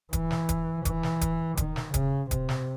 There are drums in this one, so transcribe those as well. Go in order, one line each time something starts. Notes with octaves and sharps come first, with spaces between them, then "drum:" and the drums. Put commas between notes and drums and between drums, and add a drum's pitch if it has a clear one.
E3, drum: kick D#1, hi-hat
drum: snare
drum: kick D#1, hi-hat
E3, drum: kick D#1, hi-hat
drum: snare
drum: kick D#1, hi-hat
D#3, drum: kick D#1, hi-hat
drum: snare
C#3, drum: kick D#1, hi-hat
C3, drum: kick D#1, hi-hat
drum: snare